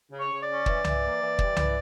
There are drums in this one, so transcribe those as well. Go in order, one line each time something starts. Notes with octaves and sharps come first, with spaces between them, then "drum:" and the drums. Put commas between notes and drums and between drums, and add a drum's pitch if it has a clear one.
C#3
C#5
C#3
D5
C#4
E3, drum: kick
E3, drum: tom C2
A#3
E3
G3, drum: kick
E3, drum: tom C2